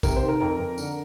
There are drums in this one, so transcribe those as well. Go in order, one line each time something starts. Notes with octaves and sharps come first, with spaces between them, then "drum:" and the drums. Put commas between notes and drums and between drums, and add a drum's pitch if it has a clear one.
C3 A#4, drum: kick A1, tambourine
C5
D#3
A#4
F2 A#4
F2
D3, drum: tambourine